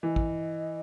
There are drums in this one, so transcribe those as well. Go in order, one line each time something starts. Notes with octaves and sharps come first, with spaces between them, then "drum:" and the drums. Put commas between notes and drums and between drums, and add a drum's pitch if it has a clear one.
E3 D#5
drum: kick